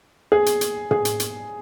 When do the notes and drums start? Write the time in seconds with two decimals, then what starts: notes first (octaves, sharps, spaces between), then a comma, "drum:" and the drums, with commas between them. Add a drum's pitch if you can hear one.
0.32 G#4
0.46 drum: hi-hat
0.61 drum: hi-hat
0.91 G#4, drum: tom
1.05 drum: hi-hat
1.20 drum: hi-hat